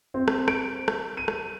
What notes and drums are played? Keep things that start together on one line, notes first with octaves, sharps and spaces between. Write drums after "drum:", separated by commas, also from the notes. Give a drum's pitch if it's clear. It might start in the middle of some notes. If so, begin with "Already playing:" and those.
C4
drum: rim click
D7, drum: rim click
drum: rim click
D#7
drum: rim click